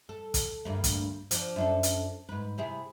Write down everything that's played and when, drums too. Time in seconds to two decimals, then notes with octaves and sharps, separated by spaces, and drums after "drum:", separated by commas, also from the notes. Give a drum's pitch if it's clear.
0.09 A4
0.34 drum: kick, hi-hat
0.65 D2 G2 A#3
0.84 drum: kick, hi-hat
1.31 F3 D4, drum: hi-hat
1.56 F#2 D4 A4
1.83 drum: hi-hat
2.29 G#2 B4
2.58 C3 E4 G#4